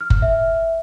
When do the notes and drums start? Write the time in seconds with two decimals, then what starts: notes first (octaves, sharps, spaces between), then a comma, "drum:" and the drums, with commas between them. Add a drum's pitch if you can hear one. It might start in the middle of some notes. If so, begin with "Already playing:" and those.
0.01 F6
0.10 drum: kick F#1
0.22 E5